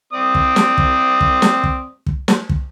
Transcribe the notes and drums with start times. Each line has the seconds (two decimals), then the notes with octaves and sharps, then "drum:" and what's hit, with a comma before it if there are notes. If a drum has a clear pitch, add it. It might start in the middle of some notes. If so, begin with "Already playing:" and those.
0.13 C4 D5 D#6
0.35 drum: kick
0.56 drum: snare
0.78 drum: kick
1.21 drum: kick
1.42 drum: snare
1.63 drum: kick
2.06 drum: kick
2.28 drum: snare
2.49 drum: kick